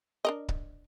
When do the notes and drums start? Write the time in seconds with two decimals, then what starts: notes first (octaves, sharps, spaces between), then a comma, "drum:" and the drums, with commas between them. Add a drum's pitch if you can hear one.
0.25 D4 A#4 D#5
0.49 drum: kick C#1